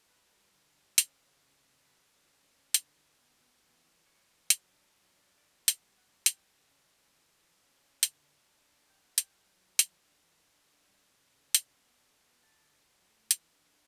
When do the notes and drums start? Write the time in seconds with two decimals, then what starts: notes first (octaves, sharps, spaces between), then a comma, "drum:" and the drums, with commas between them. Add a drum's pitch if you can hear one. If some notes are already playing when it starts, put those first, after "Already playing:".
0.10 D4 B4
0.32 G3
0.54 D3
0.77 G3
0.98 C#4, drum: hi-hat
1.20 C#3
1.42 C#3
1.65 C#3
1.86 F#3 B4
2.08 D3
2.30 C#4
2.52 C#4
2.74 D3, drum: hi-hat
2.97 D3
3.18 B3
3.41 B3
3.62 E3
3.84 E3
4.06 E3 C#5
4.28 E3
4.50 F#3, drum: hi-hat
4.73 D4
4.94 F#3
5.17 D4
5.38 E3 D5
5.60 B3
5.68 E5, drum: hi-hat
5.82 G3
5.98 F#5
6.04 B3
6.26 F#3 G5, drum: hi-hat
6.48 C#3
6.71 C#4
6.92 C#3
7.15 E3
7.36 E3
7.58 C#4
7.81 C#4
8.03 D3, drum: hi-hat
8.24 D4
8.46 D4
8.69 D4
8.90 D4 G5
9.04 F#5
9.13 D4
9.18 G5, drum: hi-hat
9.34 F#3
9.57 F#3
9.79 E3, drum: hi-hat
10.01 D4
10.23 E3
10.45 D4
10.66 D4
10.89 G3
11.11 C#3
11.33 C#3
11.55 D4, drum: hi-hat
11.77 B3
11.99 D4
12.20 B3
12.43 D3 A5
12.65 D3
12.87 F#3
13.09 A3
13.31 E3, drum: hi-hat
13.53 D4